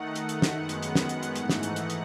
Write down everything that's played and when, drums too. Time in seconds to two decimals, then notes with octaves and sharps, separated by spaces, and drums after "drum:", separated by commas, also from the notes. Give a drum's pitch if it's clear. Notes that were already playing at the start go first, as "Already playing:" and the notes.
Already playing: D#3 A3 D#4 F#5
0.15 F#5, drum: hi-hat
0.29 drum: hi-hat
0.42 drum: snare
0.56 F#2 D#3 G#3 B3
0.69 drum: hi-hat
0.83 drum: hi-hat
0.95 F#5, drum: snare
1.09 drum: hi-hat
1.23 drum: hi-hat
1.36 G#2 E3 A3 D#4, drum: hi-hat
1.49 drum: snare
1.63 drum: hi-hat
1.76 drum: hi-hat
1.90 drum: hi-hat